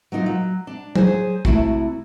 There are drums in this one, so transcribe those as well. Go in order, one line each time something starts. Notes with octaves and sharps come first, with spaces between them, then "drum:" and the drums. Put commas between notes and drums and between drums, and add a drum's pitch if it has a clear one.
F#3 A#3 D#4 F4
F#3
D4
F#3 G#4 C5 G#5, drum: tom
C3 A3 E4 F#4, drum: kick